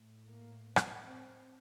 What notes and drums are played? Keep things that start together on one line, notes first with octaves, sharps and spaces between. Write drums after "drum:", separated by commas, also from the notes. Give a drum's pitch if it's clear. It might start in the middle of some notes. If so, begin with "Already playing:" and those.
Already playing: A2
A#3
B3, drum: rim click
C4